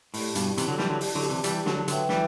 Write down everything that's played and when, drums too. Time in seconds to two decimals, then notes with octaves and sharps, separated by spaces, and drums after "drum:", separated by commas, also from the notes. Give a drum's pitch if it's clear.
0.14 A2 E4 G4 D5 A5, drum: open hi-hat
0.35 G2 B2, drum: hi-hat
0.58 C3 E3, drum: hi-hat
0.68 D3 F#3
0.79 E3 G3, drum: snare
0.90 D3 F#3
1.01 drum: open hi-hat
1.15 D3 F#3
1.29 C3 E3
1.44 E3 G3, drum: hi-hat
1.66 D3 F#3, drum: snare
1.88 D3 F#3 B4 E5 G5, drum: hi-hat
2.09 E3 G3, drum: snare